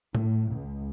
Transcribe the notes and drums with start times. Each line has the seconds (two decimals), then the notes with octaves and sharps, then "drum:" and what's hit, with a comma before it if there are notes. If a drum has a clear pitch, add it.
0.15 A2, drum: tom A2
0.51 C#2